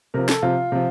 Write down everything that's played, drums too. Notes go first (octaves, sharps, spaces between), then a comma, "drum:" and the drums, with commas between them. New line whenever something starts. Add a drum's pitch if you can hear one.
C3 F3 A#4
A4, drum: snare
C3 F3 F4
C3 F3